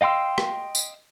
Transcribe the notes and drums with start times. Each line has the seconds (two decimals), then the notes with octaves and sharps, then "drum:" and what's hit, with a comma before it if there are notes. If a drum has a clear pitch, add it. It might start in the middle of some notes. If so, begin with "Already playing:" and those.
0.01 D#5 F5 G5 C6 E6
0.38 drum: rim click
0.75 drum: tambourine